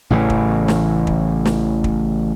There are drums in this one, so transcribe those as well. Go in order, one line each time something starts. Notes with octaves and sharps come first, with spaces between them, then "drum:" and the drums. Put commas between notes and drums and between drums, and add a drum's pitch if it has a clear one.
A1 A2 C#3 E3
drum: kick
drum: snare
drum: kick
drum: snare
drum: kick